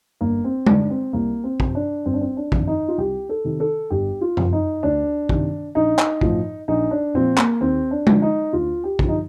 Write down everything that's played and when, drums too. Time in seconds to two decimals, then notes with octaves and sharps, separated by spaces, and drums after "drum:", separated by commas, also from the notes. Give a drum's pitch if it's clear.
0.21 G1 A#3
0.44 C4
0.66 G2 D3 D4, drum: tom G#3
0.90 C4
1.13 C2 A#3
1.44 C4
1.60 C3 F3, drum: kick
1.75 D4
2.06 G1 C4
2.14 D4
2.21 C4
2.37 D4
2.52 F2 D#3, drum: kick
2.67 D#4
2.88 F4
2.98 C2 G4
3.29 A4
3.44 C3 D#3
3.60 A4
3.90 G1 G4
4.21 F4
4.37 F2 C3, drum: tom F#2
4.53 D#4
4.83 D2 D4
5.29 C3 D#3, drum: kick
5.75 A#1 D#4
5.99 drum: clap
6.21 A2 F3, drum: kick
6.68 A#1 D#4
6.91 D4
7.14 A#2 F3 C4
7.38 A#3, drum: clap
7.61 D#2 C4
7.91 D4
8.07 D3 F3, drum: tom G#3
8.22 D#4
8.53 D2 F4
8.84 G4
8.99 D3 F3, drum: kick
9.09 D#4